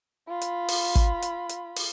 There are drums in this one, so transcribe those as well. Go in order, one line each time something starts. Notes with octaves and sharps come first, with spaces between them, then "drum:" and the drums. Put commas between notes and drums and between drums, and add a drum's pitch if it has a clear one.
F4 B5
drum: hi-hat
drum: open hi-hat
drum: kick, hi-hat
drum: hi-hat
drum: hi-hat
drum: open hi-hat